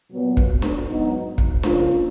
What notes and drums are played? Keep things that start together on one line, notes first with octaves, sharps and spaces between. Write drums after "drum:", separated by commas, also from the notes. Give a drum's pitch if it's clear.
A#2 F#3 B3
drum: kick
drum: snare D4
G#2 F#3 B3 D#4
drum: kick
C#3 F3 A#3 F4, drum: snare D4